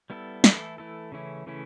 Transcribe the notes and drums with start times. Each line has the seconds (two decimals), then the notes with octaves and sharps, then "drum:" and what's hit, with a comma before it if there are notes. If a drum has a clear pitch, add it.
0.10 G3 B3 E4 A4
0.44 E3 A3 E4 A4, drum: snare
0.78 E3 A3 E4 A4
1.12 C#3 E3 A3 C#4 E4
1.46 C#3 E3 A3 C#4 E4